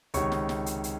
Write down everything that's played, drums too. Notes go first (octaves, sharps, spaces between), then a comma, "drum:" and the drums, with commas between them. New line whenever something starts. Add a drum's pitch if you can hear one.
C#2 C3 D#3 C#5 C#6, drum: hi-hat
drum: snare
drum: snare
drum: hi-hat
drum: hi-hat